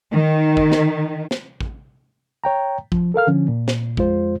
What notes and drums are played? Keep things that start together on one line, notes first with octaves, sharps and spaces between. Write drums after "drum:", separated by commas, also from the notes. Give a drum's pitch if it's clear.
D#3
drum: kick
drum: snare
drum: snare
drum: kick
C#5 G5 A#5
F3, drum: kick
A4 A#4 F5 F6
D3 F3 C#4
A#2
drum: snare
F2 G#3 F4 C5, drum: kick